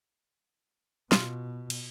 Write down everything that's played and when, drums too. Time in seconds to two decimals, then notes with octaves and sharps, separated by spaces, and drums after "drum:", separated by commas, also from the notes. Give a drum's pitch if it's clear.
1.12 B2 F4, drum: snare
1.70 drum: cymbal